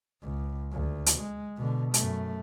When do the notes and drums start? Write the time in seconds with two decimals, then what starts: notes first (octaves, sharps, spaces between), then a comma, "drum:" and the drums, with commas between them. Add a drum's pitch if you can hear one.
0.22 C#2
0.72 D2
1.06 drum: hi-hat
1.20 G#3
1.57 B2 D3
1.94 F#2 A3, drum: hi-hat